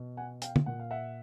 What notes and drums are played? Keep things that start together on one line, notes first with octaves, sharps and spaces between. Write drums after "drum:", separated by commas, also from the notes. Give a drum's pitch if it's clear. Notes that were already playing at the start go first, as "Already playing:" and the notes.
Already playing: B2
F#5 G#5
F5 G5, drum: hi-hat
drum: tom
A#2 F#5
F5
E5 F#5